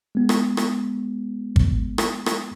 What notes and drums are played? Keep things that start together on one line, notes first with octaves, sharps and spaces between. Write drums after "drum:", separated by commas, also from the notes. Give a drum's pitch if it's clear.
G#3 B3
drum: rim click
drum: rim click
drum: kick
drum: rim click
drum: rim click